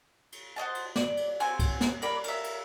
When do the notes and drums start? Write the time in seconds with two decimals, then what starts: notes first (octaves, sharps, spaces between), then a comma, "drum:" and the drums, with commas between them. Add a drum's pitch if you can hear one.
0.32 drum: cymbal
0.56 F#4 C5 D#5 A5
0.75 drum: cymbal
0.96 D5, drum: snare
1.17 drum: cymbal
1.40 C4 F#4 G#5, drum: cymbal
1.59 drum: kick C2, cymbal
1.81 drum: snare
2.02 A#4 D5 B5, drum: cymbal
2.24 A#4 E5, drum: cymbal
2.44 drum: cymbal